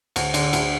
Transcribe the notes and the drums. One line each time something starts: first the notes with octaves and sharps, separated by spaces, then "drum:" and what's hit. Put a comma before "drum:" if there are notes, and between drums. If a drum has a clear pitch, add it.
D2, drum: cymbal
D3, drum: cymbal
D2, drum: cymbal